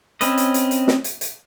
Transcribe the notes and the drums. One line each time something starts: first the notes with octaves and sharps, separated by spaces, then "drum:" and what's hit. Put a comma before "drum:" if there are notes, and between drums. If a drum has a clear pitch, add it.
C4 C#4 B4 D#5, drum: hi-hat
drum: hi-hat
drum: hi-hat
drum: hi-hat
drum: snare
drum: hi-hat
drum: hi-hat